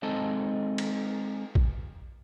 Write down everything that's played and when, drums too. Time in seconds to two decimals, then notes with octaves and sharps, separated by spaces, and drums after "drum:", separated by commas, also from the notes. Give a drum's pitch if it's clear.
0.03 G#3 C4 D#4 G#4 A4 A5
0.78 drum: cymbal
1.55 drum: kick A#1